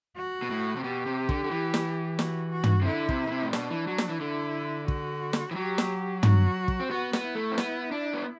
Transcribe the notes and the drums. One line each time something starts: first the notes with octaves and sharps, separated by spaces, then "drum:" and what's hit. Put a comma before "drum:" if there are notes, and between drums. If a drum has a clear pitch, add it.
F#4
B2
A2
C3
B2 G4
C3
D3, drum: kick
D3
E3
drum: snare
F#4, drum: snare
F#4
drum: tom
C3
D3 E4
C3, drum: kick
B2
C3
A2
B2 D4, drum: snare
E3
F#3
drum: snare
E3
D3 E4
F#4, drum: kick
drum: snare
E3
F#3 G4
drum: snare
F#4, drum: tom
drum: kick
C4
B3 F#4
B3, drum: snare
E4
A3
C4
B3, drum: snare
D4
B3